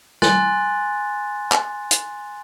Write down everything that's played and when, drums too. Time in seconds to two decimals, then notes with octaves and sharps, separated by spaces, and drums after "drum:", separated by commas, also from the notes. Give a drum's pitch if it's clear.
0.22 G#5 C6 F#6 A6, drum: snare
1.52 drum: clap
1.91 drum: hi-hat